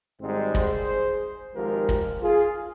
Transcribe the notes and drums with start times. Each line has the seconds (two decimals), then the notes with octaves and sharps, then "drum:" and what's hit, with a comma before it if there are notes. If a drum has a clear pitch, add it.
0.21 G#1 G#2 G3 C4 D#4
0.55 G#4 C5, drum: kick
1.55 G#1 G#2 F3 G4 A#4
1.89 drum: kick
2.23 F4 G#4